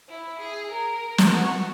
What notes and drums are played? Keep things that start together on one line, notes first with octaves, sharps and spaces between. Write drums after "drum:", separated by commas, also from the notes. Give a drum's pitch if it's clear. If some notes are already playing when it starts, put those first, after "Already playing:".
E4
G#4
A#4
drum: snare
F#4